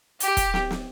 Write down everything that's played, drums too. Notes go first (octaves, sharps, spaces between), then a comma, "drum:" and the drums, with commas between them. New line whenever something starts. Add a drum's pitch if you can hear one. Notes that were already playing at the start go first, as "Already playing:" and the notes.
G4, drum: hi-hat
drum: kick, hi-hat
drum: snare
drum: snare